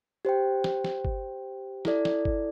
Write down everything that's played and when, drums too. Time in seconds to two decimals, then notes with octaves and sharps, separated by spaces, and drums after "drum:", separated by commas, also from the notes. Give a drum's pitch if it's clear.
0.25 G4 C5 G5
0.64 drum: snare
0.84 drum: snare
1.05 drum: kick G1
1.85 E4 A4 D5, drum: snare
2.05 drum: snare
2.25 drum: kick G1